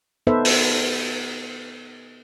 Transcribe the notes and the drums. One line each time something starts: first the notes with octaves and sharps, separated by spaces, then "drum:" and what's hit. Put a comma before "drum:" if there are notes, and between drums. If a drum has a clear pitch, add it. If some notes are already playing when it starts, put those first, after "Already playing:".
B3 D#4 A4 B4 C5 E5
drum: open hi-hat